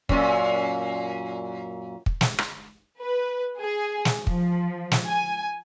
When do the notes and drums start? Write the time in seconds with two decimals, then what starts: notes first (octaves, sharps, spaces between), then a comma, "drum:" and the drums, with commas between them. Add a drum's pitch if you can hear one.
0.09 F#2 A#2, drum: kick
2.06 drum: kick
2.21 drum: snare
2.38 drum: rim click
3.00 B4
3.59 G#4
4.05 drum: snare
4.27 F3, drum: kick
4.91 drum: snare
5.07 G#5